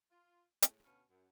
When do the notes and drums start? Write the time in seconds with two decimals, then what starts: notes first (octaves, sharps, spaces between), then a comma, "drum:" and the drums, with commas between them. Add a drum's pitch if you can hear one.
0.11 F4
0.62 A2 G#3, drum: hi-hat
0.83 D2 B2 C#4 F5
1.08 F#2